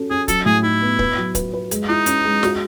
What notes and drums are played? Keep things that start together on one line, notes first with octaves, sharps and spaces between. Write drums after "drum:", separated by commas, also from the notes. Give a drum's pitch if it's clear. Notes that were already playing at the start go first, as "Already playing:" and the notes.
Already playing: C#4 F#4 A4
C#4 G#4
F#3 A4, drum: kick, hi-hat
A2 G#4
D#4 E4
B3
B4, drum: kick
F#3
B4, drum: kick, hi-hat
B4
G#3, drum: hi-hat
D#4 E4
C#4, drum: hi-hat
G#3
F#4, drum: snare